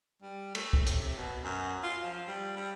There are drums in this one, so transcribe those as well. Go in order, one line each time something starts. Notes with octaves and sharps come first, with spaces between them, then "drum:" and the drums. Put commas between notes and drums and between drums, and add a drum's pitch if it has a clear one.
G3
A3, drum: cymbal
drum: kick C#2
C3, drum: hi-hat
B2
F#2
F4
F3
G3
G3